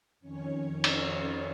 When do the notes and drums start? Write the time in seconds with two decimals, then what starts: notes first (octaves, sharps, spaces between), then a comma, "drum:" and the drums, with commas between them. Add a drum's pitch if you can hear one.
0.20 F2 D#3 C#4 C#5
0.84 drum: cymbal